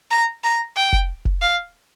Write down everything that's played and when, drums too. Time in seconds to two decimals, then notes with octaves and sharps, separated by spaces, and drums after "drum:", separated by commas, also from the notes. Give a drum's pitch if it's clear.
0.10 A#5
0.44 A#5
0.76 G5
0.93 drum: kick F1
1.25 drum: kick F1
1.41 F5